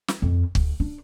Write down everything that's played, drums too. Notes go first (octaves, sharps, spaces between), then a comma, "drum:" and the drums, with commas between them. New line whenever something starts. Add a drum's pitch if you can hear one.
drum: snare
F2
D2, drum: kick
D4